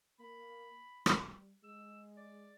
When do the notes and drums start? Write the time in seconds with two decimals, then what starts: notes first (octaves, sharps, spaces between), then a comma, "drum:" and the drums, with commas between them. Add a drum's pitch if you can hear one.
0.20 A#3 B5
1.06 G3, drum: rim click
1.64 G#3 E6
2.17 D5